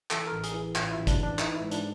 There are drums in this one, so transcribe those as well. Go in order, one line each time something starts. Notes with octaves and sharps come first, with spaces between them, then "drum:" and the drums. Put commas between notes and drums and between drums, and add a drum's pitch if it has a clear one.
E3 A4, drum: clap
A1 A#4
G#4, drum: hi-hat
E3
A1 F4, drum: clap
E4
A1
D4, drum: kick, hi-hat
E3 D4
E3 D#4, drum: clap
E4
G#2
D4, drum: hi-hat